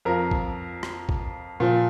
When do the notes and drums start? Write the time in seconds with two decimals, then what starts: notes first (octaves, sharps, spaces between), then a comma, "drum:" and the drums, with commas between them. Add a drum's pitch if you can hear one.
0.05 F2 F3 A#4
0.31 drum: kick A#1
0.83 drum: rim click
1.09 drum: kick A#1
1.60 A#2 F3